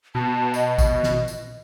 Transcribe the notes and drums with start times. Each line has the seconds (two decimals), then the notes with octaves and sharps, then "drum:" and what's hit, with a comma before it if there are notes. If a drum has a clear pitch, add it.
0.15 B2 A5
0.54 D#5, drum: tambourine
0.78 drum: kick A1, tambourine
1.03 drum: snare
1.28 drum: tambourine